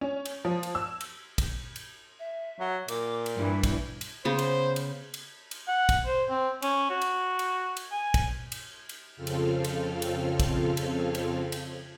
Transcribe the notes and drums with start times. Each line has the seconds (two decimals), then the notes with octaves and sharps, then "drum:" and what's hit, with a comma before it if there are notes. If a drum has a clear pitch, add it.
0.01 C#4
0.25 drum: cymbal
0.45 F3
0.63 drum: cymbal
0.75 E6
1.01 drum: cymbal
1.38 drum: kick, cymbal
1.76 drum: cymbal
2.19 E5
2.60 F#3
2.88 A#2 D6, drum: cymbal
3.26 drum: cymbal
3.36 G2 E3 G3 E4
3.63 drum: kick, cymbal
4.01 drum: cymbal
4.25 C#3 B3 C5
4.39 drum: cymbal
4.76 drum: cymbal
5.14 drum: cymbal
5.51 drum: cymbal
5.68 F#5
5.89 drum: kick, cymbal
6.06 C5
6.30 C4
6.62 C#4, drum: cymbal
6.90 F#4
7.02 drum: cymbal
7.39 drum: cymbal
7.77 drum: cymbal
7.92 G#5
8.14 drum: kick, cymbal
8.52 drum: cymbal
8.89 drum: cymbal
9.16 F2 C#3 C4 F4 A4 F6
9.27 drum: cymbal
9.64 drum: cymbal
10.02 drum: cymbal
10.40 drum: kick, cymbal
10.77 drum: cymbal
11.15 drum: cymbal
11.52 drum: cymbal